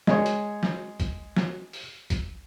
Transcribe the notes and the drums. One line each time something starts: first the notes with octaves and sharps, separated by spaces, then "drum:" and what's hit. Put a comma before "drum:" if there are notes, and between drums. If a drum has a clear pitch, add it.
G#3 C#5, drum: snare
drum: hi-hat
drum: snare
drum: kick A#1, hi-hat
drum: snare
drum: open hi-hat
drum: kick A#1, hi-hat